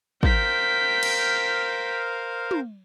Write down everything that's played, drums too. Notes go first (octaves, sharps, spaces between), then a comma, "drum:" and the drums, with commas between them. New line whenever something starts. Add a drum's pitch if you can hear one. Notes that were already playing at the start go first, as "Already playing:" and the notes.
A#4 C5 F5 G5 B6, drum: kick
drum: cymbal
drum: tom